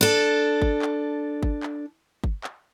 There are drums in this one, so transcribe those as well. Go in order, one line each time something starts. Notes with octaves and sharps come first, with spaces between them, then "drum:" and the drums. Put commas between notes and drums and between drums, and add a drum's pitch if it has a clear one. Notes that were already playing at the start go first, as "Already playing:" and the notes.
D4 A4
drum: kick G1
drum: clap
drum: kick G1
drum: clap
drum: kick G1
drum: clap